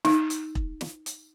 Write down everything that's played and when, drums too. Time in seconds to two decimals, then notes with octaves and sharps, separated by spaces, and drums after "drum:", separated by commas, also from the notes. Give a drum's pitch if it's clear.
0.05 D#4, drum: snare
0.30 drum: hi-hat
0.55 drum: kick E1
0.81 drum: snare
1.06 drum: hi-hat